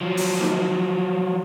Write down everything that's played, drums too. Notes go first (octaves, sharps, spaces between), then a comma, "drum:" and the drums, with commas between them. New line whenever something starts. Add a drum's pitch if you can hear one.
F3 F#3
drum: open hi-hat
drum: snare D#4